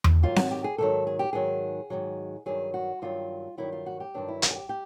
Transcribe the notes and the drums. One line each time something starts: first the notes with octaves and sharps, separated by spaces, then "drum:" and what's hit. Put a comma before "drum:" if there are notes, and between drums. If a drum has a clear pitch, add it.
drum: tom E2
G#2 D#3 F#3 F4
F#4, drum: snare C4
G4
G#4
G#2 D#3 F#3 A4
G#4
G4
G#2 D#3 F#3 G#4
G#2 D#3 F#3
G2 D#3 F#3 G#4
F#4
G2 D#3 F#3 F4
G2 D#3 F#3 E4
F4
F#4
G4
G2 D#3 F#3 D4
E4
F#4, drum: hi-hat
G#4
G4
G4